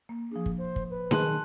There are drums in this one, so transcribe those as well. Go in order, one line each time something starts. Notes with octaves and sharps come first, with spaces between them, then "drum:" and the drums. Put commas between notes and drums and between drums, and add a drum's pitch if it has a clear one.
A#3
F3 D4 G#4
drum: kick
C5
drum: kick
B4
B1 D#3 G#4 A5 C6 F#6, drum: snare D#4